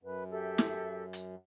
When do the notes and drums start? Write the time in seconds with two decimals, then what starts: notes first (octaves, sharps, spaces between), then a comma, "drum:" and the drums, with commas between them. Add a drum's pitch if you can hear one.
0.03 F#2 B4
0.31 G4 A4 E5
0.58 drum: snare
1.13 drum: hi-hat